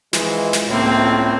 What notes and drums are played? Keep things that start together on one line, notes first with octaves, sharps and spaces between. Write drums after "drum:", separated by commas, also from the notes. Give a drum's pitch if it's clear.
E3 F3 G#3, drum: snare
drum: snare
C#2 A2 A#3 C4